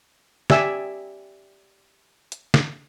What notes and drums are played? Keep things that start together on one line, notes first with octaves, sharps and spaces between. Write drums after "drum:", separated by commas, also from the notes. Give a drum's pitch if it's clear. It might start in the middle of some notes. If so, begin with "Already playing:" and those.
G4 D5 E5 G#5 E6, drum: snare
drum: hi-hat
drum: snare